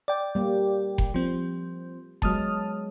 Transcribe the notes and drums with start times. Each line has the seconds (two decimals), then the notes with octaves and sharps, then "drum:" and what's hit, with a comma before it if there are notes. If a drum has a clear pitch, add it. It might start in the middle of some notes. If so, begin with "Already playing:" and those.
0.08 D5 G5
0.35 G3 A#3
0.98 drum: kick F1
1.14 F3 C4
2.22 F#3 G#3 B3 A5 D#6 F6, drum: kick F1